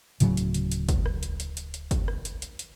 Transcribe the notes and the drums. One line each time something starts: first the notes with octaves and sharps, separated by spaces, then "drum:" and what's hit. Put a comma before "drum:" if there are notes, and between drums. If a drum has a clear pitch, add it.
D1 A2 C#3 F#3, drum: hi-hat
drum: hi-hat
drum: hi-hat
drum: hi-hat
drum: kick, hi-hat
drum: rim click
drum: hi-hat
drum: hi-hat
drum: hi-hat
drum: hi-hat
drum: kick, hi-hat
drum: rim click
drum: hi-hat
drum: hi-hat
drum: hi-hat